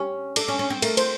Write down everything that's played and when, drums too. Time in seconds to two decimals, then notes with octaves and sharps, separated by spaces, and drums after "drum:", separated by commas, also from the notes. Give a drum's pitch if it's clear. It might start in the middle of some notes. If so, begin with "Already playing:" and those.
Already playing: C#4 G4
0.36 D4 A4, drum: cymbal
0.48 C#4
0.59 C#4
0.70 C4
0.82 A3 A#4, drum: cymbal
0.97 C5, drum: cymbal